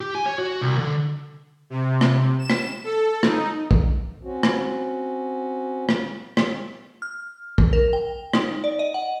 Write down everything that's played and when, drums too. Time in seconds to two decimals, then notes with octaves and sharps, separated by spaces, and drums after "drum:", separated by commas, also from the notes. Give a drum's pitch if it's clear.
0.01 G4
0.15 G#5
0.26 C#5
0.38 F#4
0.61 C2
0.78 D3
1.70 C3
2.01 drum: rim click
2.39 E7
2.50 drum: rim click
2.84 A4
3.23 D#4, drum: rim click
3.71 drum: kick
4.23 C4 C#4 F#4
4.43 drum: rim click
5.89 drum: rim click
6.37 drum: rim click
7.02 F6
7.58 drum: kick
7.73 A#4
7.93 G5
8.33 D#4, drum: rim click
8.64 D5
8.79 D#5
8.94 F#5